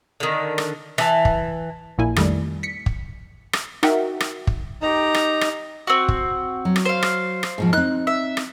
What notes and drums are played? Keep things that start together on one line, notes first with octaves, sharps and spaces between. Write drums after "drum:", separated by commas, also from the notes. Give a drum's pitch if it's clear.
D3 D#3
drum: rim click
E3 A5, drum: rim click
drum: kick
A#1 A#2 A#3 E4 G#5
F2 D#3 G3 A3, drum: rim click
B6 C#7
drum: kick
drum: rim click
D#4 F#4 A#4 E5 F#5 G5, drum: rim click
drum: rim click
drum: kick
D#4 G4 A#5
drum: rim click
drum: rim click
C4 F#4
drum: kick
F#3
drum: rim click
C5 F5
drum: rim click
drum: rim click
G#2 B2 F3
C4 D#4 F#6
E5
drum: rim click